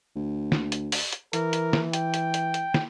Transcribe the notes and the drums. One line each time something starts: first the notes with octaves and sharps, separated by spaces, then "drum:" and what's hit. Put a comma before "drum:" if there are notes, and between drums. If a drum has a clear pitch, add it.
D2
drum: snare
drum: hi-hat
drum: open hi-hat
drum: hi-hat
E3 A#4, drum: hi-hat
drum: hi-hat
drum: snare
G5, drum: hi-hat
drum: hi-hat
drum: hi-hat
drum: hi-hat
drum: snare